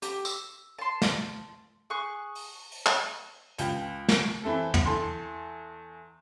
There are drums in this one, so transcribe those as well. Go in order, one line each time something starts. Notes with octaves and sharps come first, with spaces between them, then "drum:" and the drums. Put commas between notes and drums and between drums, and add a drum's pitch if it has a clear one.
G4, drum: hi-hat
E6, drum: tambourine
A5 C6
drum: snare
G#4 C#6 F#6
drum: open hi-hat
drum: open hi-hat
drum: clap
C#2 F4 G5, drum: hi-hat
drum: snare
E3 C4 E4 A4
drum: tom
E2 A4 C6